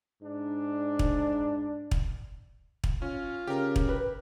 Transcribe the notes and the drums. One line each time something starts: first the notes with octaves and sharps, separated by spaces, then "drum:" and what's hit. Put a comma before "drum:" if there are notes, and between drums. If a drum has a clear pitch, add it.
G#2 D4
drum: kick
drum: kick
drum: kick
C#4 F4
C#3 G4 A#4
drum: kick
B4